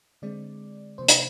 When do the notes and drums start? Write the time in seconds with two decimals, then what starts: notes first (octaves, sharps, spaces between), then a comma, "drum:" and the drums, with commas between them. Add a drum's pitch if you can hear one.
0.22 D3 G#3 C4 D5
0.98 C3 F3 A#3 C5
1.08 drum: hi-hat